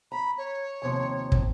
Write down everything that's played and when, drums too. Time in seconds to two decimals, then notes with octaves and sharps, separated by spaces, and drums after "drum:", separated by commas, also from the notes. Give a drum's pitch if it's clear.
0.12 A#5 B5
0.38 C#5
0.82 D#2 C3 F3
1.32 drum: kick